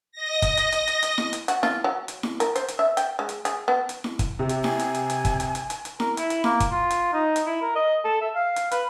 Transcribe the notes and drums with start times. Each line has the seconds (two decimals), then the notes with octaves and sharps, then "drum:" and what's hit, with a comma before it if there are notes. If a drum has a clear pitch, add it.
0.12 D#5 A#6
0.42 drum: kick, hi-hat
0.57 drum: hi-hat
0.72 drum: hi-hat
0.88 drum: hi-hat
1.03 drum: hi-hat
1.18 drum: snare E4
1.33 drum: hi-hat
1.48 F#4, drum: hi-hat
1.63 F4, drum: snare E4
1.84 F#3
2.08 drum: hi-hat
2.23 drum: snare E4
2.40 A#4, drum: hi-hat
2.56 C5, drum: hi-hat
2.68 drum: hi-hat
2.79 E5
2.97 G5, drum: hi-hat
3.19 G#3
3.29 drum: hi-hat
3.45 G#4, drum: hi-hat
3.68 B3
3.89 drum: hi-hat
4.04 drum: snare E4
4.19 drum: kick, hi-hat
4.39 C3
4.49 drum: hi-hat
4.64 G#5, drum: snare E4
4.79 drum: hi-hat
4.95 drum: hi-hat
5.10 drum: hi-hat
5.25 drum: kick, hi-hat
5.40 drum: hi-hat
5.55 drum: hi-hat
5.70 drum: hi-hat
5.85 drum: hi-hat
6.00 A#4, drum: snare E4
6.17 E4, drum: hi-hat
6.30 drum: hi-hat
6.44 A#3, drum: snare E4
6.60 drum: kick, hi-hat
6.71 F4
6.91 drum: hi-hat
7.13 D#4
7.36 drum: hi-hat
7.47 E4
7.62 A#4
7.75 D#5
8.04 A4
8.21 E5
8.35 F5
8.56 drum: hi-hat
8.72 B4, drum: hi-hat